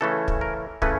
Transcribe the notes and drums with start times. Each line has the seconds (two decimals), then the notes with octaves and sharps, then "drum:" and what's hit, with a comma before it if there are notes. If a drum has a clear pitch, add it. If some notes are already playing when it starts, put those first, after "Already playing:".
0.01 C#3 E3 A3 C#4 A4
0.28 drum: kick
0.41 A#4
0.82 C#3 E3 A3 C#4 B4, drum: kick